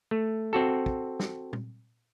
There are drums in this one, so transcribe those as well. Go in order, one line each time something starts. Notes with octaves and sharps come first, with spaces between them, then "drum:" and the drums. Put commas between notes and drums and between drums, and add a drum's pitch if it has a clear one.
A3
C4 F#4 A4
drum: kick
drum: snare
drum: tom A#2